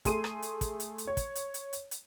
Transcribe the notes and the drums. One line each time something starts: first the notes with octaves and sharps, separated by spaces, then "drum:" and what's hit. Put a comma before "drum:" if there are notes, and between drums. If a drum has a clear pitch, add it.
A3 G#4 C6 D#7, drum: kick, hi-hat
drum: rim click
drum: hi-hat
drum: kick, hi-hat
drum: hi-hat
drum: hi-hat
C#5
drum: kick, hi-hat
drum: hi-hat
drum: hi-hat
drum: hi-hat
drum: hi-hat